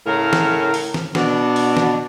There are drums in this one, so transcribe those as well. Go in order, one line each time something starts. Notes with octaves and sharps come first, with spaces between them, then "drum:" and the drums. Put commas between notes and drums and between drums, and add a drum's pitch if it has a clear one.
A2 C#3 A#4
drum: snare
drum: open hi-hat
drum: snare
B2 D4, drum: snare
drum: open hi-hat
drum: snare